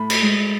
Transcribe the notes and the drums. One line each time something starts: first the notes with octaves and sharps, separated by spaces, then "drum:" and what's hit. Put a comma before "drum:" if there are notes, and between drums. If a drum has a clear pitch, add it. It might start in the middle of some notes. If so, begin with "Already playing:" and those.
Already playing: A2 B5
drum: cymbal
G#3